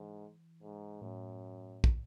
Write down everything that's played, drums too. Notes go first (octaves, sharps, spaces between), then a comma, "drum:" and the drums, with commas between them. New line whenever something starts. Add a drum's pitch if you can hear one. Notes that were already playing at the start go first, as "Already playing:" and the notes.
Already playing: G#2 E3
G#2
F#2 A2
drum: kick